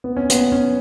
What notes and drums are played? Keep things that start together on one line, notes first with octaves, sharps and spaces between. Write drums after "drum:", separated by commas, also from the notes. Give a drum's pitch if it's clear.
B3
C#4
B3, drum: hi-hat
C#4